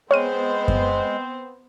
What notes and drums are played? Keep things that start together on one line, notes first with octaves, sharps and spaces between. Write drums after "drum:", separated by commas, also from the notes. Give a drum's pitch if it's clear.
G#3 B3 C4 C5 C#5 F6 D#7
drum: kick F#2